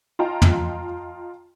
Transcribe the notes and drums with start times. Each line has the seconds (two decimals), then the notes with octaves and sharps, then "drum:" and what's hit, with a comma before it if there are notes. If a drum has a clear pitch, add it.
0.19 F4 D#5 G5 A5 A#5
0.42 drum: tom